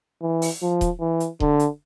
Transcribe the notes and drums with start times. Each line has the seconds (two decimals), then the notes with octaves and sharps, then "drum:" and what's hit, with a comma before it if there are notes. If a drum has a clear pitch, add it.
0.22 E3
0.42 drum: open hi-hat
0.62 F3
0.81 drum: kick D#1, hi-hat
1.00 E3
1.20 drum: hi-hat
1.40 D3, drum: kick D#1
1.60 drum: hi-hat